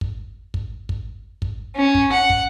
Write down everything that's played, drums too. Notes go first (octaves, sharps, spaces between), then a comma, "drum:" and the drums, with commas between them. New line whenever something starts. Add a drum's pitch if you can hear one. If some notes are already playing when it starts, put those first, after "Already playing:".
drum: kick
drum: kick
drum: kick
drum: kick
C#4
drum: kick
F#5
drum: kick